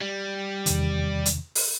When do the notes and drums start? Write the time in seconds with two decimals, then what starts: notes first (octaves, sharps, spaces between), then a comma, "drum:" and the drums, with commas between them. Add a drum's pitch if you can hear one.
0.01 G3
0.66 E2 C3 D#3, drum: hi-hat
1.26 drum: hi-hat
1.55 drum: open hi-hat